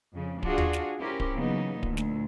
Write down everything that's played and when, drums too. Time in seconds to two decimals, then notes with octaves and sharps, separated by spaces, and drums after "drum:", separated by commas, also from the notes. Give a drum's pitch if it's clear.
0.13 F2 C#3
0.43 D4 F4 F#4 G#4, drum: kick D1
0.58 drum: tom D#2
0.73 drum: snare
1.00 C#4 E4 G4 A#4 C5
1.20 drum: kick D1
1.35 C#3 E3 F#3 A#3 B3 D#4
1.83 D2 A#2, drum: kick D1
1.97 drum: snare